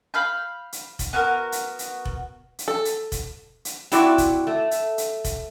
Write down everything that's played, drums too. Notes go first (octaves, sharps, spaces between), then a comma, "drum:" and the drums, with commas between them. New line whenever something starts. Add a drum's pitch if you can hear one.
F5 B5 F6 G6
drum: hi-hat
drum: kick F1, hi-hat
B3 F#4 A#4
drum: hi-hat
drum: hi-hat
drum: kick F1
drum: hi-hat
A4
drum: hi-hat
drum: kick F1, hi-hat
drum: hi-hat
C4 E4 F#4 D5, drum: hi-hat
drum: kick F1, hi-hat
A3
drum: hi-hat
drum: hi-hat
drum: kick F1, hi-hat